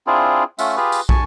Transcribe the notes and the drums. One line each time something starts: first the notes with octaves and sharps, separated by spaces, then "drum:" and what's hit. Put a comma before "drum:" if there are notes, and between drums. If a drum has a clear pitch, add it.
C4 D4 E4 F4 G#4
A3 C#4 F4 E5 F#5, drum: tambourine
F4 G4 G#4 B4
drum: tambourine
G#5 A5 C#6, drum: kick